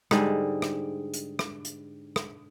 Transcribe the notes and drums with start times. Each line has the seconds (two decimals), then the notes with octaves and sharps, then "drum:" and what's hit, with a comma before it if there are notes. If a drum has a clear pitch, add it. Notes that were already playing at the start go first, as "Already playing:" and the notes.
0.11 G#2 D3 G3 G#3, drum: rim click
0.62 drum: rim click
1.14 drum: hi-hat
1.39 drum: rim click
1.65 drum: hi-hat
2.16 drum: rim click